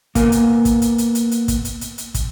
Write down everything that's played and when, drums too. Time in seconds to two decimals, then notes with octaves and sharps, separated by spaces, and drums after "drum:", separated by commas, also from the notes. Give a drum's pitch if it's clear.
0.15 A#3 B3 A#4 G#5, drum: kick, hi-hat
0.32 drum: hi-hat
0.65 drum: kick, hi-hat
0.82 drum: hi-hat
0.98 drum: hi-hat
1.15 drum: hi-hat
1.31 drum: hi-hat
1.48 drum: kick, hi-hat
1.65 drum: hi-hat
1.81 drum: hi-hat
1.98 drum: hi-hat
2.14 drum: kick, hi-hat